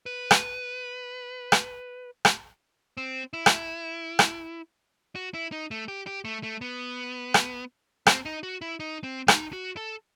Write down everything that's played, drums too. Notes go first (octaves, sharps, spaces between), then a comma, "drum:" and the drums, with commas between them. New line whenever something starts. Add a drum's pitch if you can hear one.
B4
drum: rim click
drum: rim click
drum: rim click
C4
E4
drum: rim click
drum: rim click
F#4
E4
D#4
A3
G4
G4
A3
A3
B3
drum: rim click
C4, drum: rim click
D#4
F#4
E4
D#4
C4
D#4, drum: rim click
F#4
A4